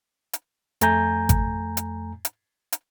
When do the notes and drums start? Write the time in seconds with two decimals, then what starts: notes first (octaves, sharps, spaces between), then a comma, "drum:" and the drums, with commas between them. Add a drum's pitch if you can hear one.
0.33 drum: hi-hat
0.81 F2 A3 G#5 A#5 G6, drum: hi-hat
1.29 drum: kick G#1, hi-hat
1.77 drum: hi-hat
2.25 drum: hi-hat
2.72 drum: hi-hat